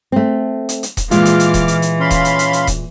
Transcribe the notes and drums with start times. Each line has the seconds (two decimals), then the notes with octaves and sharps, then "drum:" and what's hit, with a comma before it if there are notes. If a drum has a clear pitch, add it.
0.12 A3 C4
0.69 drum: hi-hat
0.83 drum: hi-hat
0.97 drum: kick D#1, hi-hat
1.11 A#2 E3 G#3 F4 D6 F6, drum: hi-hat
1.25 drum: hi-hat
1.40 drum: hi-hat
1.54 drum: kick D#1, hi-hat
1.68 drum: hi-hat
1.82 drum: hi-hat
2.00 C#4 F5 B5 C6
2.11 drum: kick D#1, hi-hat
2.25 drum: hi-hat
2.39 drum: hi-hat
2.53 drum: hi-hat
2.67 drum: kick D#1, hi-hat